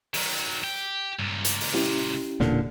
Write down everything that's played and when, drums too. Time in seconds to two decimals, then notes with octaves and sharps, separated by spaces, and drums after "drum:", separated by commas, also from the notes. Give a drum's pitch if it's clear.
0.14 D#3 F#3, drum: open hi-hat
0.64 G4
1.19 C#2 G2 A#2
1.45 drum: hi-hat
1.60 drum: open hi-hat
1.74 C#4 E4 G4, drum: snare
2.40 E1 A#2 D3, drum: snare